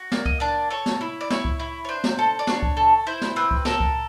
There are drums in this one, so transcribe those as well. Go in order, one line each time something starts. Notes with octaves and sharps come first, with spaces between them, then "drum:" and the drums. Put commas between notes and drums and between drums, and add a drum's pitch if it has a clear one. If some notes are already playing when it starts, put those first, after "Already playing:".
Already playing: F#4
A#3 D5, drum: snare
D#5, drum: kick C#2
D4 D5
A4 C#5
drum: snare
E4
D5
E4 C#5, drum: snare
drum: kick C#2
E4
C#5
D4 C5
drum: snare
A4
D5
D4 C#5, drum: snare
drum: kick C#2
A4
E4 C5
drum: snare
C4 B4
drum: kick C#2
A4 A#4, drum: snare
drum: kick C#2